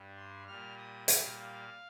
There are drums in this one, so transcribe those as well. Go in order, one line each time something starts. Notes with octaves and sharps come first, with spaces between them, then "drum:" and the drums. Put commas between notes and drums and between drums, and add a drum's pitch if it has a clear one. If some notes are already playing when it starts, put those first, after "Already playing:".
Already playing: G2 G3
C6
A#2 G3 F6
D#6
F5, drum: hi-hat
F5